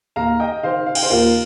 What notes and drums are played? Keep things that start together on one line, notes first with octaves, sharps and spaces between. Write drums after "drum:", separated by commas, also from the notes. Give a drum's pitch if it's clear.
D#2 F5 A#5
D#5 G5
D#3 C5 F5
F5
G5, drum: cymbal
C5 F5
D#2 F4 A#4